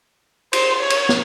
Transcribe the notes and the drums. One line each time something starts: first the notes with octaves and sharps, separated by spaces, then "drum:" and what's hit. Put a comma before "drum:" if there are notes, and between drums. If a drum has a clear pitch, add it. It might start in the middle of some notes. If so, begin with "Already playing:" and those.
C5, drum: cymbal
C#5
drum: cymbal
drum: snare